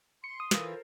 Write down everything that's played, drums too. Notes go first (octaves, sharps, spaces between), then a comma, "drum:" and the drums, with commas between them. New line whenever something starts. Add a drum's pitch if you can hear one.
C6 C#7
D#6
E3 F4 A4 A#4 C5, drum: snare